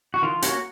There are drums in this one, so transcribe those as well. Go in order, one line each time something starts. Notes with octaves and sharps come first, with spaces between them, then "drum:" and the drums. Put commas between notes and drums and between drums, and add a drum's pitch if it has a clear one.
F#4
D#3 F4
A#3 C#4 F#4, drum: hi-hat